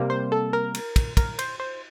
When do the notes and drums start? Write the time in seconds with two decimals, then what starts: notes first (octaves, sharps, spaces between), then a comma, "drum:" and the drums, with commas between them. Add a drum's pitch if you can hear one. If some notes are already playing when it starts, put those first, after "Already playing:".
Already playing: C3 G3 A#3
0.10 C5
0.32 A4
0.53 A#4
0.74 drum: cymbal
0.96 drum: kick, cymbal
1.17 A#4, drum: kick, cymbal
1.39 C5, drum: cymbal
1.60 C5